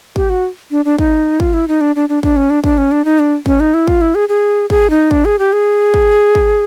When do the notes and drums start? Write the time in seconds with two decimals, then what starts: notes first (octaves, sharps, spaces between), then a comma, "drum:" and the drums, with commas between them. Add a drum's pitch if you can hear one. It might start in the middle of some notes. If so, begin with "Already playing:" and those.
0.16 G4, drum: kick
0.30 F#4
0.71 D4
0.85 D4
0.99 D#4, drum: kick
1.40 F4, drum: kick
1.53 E4
1.68 D#4
1.81 D4
1.96 D4
2.09 D4
2.23 D4, drum: kick
2.36 C#4
2.50 D4
2.64 D4, drum: kick
2.78 C#4
2.91 D4
3.05 D#4
3.19 D4
3.46 C#4, drum: kick
3.60 D#4
3.74 E4
3.88 F4, drum: kick
4.01 E4
4.15 G#4
4.29 G#4
4.70 G#4, drum: kick
4.90 D#4
5.11 D4, drum: kick
5.25 G#4
5.39 G4
5.53 G#4
5.94 drum: kick
6.35 drum: kick